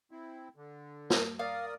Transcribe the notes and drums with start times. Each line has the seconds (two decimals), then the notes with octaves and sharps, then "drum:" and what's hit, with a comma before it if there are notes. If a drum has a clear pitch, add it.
0.11 C4 E4
0.56 D3
1.10 drum: snare
1.39 A#4 D5 F5 D#6